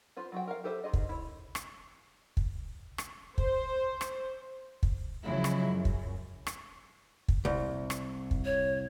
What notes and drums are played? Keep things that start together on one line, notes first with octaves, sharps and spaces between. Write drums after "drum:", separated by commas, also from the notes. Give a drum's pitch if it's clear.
F4 B4 C5
F#3 F#4 G5
A#4 F5
G4 A4 B4 C5 E5
D#4 F4 G#4 D#5
drum: kick
E4 C#5
drum: rim click
drum: kick
drum: rim click
C5, drum: kick
drum: rim click
drum: kick
C#3 F3 F#3 G#3 E4
drum: rim click
F#2
drum: kick
drum: rim click
drum: kick
C2
drum: rim click
drum: kick
C#5